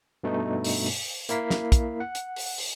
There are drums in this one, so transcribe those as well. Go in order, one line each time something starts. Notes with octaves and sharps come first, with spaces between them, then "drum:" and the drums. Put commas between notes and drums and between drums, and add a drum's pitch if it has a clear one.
G2 B2 A3 D#4
drum: open hi-hat
drum: open hi-hat
A#3 E4 A#4 B6 C7, drum: hi-hat
drum: snare
drum: kick, hi-hat
F#5
drum: hi-hat
drum: open hi-hat
drum: open hi-hat